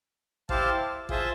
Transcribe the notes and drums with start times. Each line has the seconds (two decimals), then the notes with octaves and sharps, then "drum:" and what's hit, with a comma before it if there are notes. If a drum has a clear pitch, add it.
0.49 E4 G4 C5 F5 A5, drum: kick A1
1.09 F4 G#4 C5 E5 A5, drum: kick A1